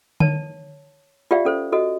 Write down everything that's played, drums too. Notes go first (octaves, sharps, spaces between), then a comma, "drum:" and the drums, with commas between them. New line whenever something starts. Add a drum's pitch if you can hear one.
C#5 A5, drum: tom D3
F4 G4 D5 E5 F5
C#4 A4 C5
F#4 A4 D#5